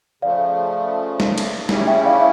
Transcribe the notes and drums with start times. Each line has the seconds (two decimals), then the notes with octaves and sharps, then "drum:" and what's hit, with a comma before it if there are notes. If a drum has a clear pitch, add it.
0.22 C#3 F3 A3 D5 F5
1.20 drum: snare
1.38 drum: cymbal
1.69 C#3 G3 C#4 E4, drum: snare
1.87 E5 G5
2.05 D5 F5